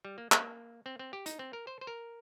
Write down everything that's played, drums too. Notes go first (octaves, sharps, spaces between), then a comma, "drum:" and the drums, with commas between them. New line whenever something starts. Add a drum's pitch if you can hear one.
G3
A#3
A#3, drum: clap
C4
C4
G4
D#4, drum: hi-hat
C4
A#4
C5
C5
A#4